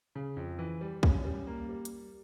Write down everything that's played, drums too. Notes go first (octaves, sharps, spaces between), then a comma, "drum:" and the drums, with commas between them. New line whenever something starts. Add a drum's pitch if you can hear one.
C#3
F2
E3
G3
C#4, drum: kick
G3
A#3
G3
drum: hi-hat